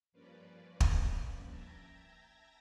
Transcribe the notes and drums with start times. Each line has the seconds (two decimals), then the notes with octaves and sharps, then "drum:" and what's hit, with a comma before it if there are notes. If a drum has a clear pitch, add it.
0.12 G2 F3 A#3 C#4 B4 D5
0.80 drum: kick
1.48 E5 G5 A5 A#5 G#6 A#6